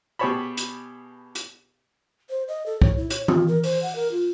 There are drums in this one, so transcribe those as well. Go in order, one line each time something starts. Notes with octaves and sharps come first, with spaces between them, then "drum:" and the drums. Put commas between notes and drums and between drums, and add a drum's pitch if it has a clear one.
B2 G4 G#4 C#5 A5 B5
drum: hi-hat
drum: hi-hat
C5
D#5
A4
C#5, drum: kick
E4
C#5, drum: hi-hat
F4, drum: tom E3
A#4
C5, drum: open hi-hat
F#5
A#4
F4